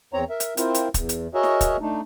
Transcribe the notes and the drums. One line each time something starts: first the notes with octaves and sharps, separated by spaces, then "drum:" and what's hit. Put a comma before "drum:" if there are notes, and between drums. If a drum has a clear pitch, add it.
E2 C4 C#5 A#5
A#4 E5
drum: hi-hat
C4 E4 F4 A#4 C5, drum: hi-hat
drum: hi-hat
E2, drum: kick, hi-hat
drum: hi-hat
F#4 G#4 A#4 C#5 D#5 E5
drum: snare
drum: kick, hi-hat
A3 D4 D#4